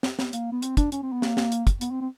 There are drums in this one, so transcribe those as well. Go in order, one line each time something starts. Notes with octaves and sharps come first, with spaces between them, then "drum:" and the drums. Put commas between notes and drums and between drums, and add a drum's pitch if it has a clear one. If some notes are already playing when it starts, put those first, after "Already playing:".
drum: snare
B3, drum: snare
A#3, drum: hi-hat
B3
C4, drum: hi-hat
D4, drum: kick, hi-hat
C#4, drum: hi-hat
C4
B3
A#3, drum: snare
drum: snare
drum: hi-hat
drum: kick, hi-hat
B3, drum: hi-hat
C4
C4